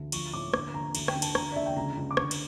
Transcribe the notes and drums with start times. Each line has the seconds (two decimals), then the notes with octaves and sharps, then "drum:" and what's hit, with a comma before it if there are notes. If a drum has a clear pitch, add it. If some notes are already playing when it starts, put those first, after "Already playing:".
Already playing: D2
0.12 F3 C#6, drum: cymbal
0.33 A2 D6
0.54 D3 D6, drum: rim click
0.74 D3 A#5
0.95 D2, drum: cymbal
1.08 G5, drum: rim click
1.15 D3
1.22 A5, drum: cymbal
1.35 D2 A#5, drum: rim click
1.52 D5
1.56 D3 E5
1.66 G5
1.76 C#2 A#5
1.97 C#2
2.11 D6
2.17 D3 C#6, drum: rim click
2.31 drum: cymbal